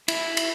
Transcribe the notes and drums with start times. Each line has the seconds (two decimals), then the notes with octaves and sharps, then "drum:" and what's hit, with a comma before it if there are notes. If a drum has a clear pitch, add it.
0.08 E4, drum: cymbal
0.37 drum: cymbal